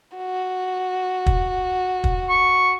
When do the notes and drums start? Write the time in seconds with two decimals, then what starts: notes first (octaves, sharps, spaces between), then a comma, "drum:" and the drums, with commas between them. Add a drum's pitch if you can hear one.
0.16 F#4
1.26 drum: kick
2.04 drum: kick
2.29 C#6